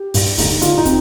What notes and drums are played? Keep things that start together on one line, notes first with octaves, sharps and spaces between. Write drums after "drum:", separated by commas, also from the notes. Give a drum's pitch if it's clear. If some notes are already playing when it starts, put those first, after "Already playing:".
Already playing: G4
G2, drum: open hi-hat
D3 A3 D#4, drum: kick, open hi-hat
D3 F4, drum: hi-hat
D#4
C4, drum: kick, hi-hat